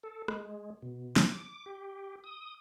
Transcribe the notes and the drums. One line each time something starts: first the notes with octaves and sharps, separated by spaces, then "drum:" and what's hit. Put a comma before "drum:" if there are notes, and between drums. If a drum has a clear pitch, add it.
A4
G#3, drum: rim click
B2
D6, drum: snare
G4
D#6